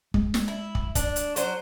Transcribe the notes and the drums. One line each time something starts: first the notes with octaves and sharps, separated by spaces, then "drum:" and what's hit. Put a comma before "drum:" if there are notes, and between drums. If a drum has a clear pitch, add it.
G#3, drum: kick
drum: snare
E4
drum: kick
D4, drum: kick, hi-hat
drum: hi-hat
F#3 C5, drum: hi-hat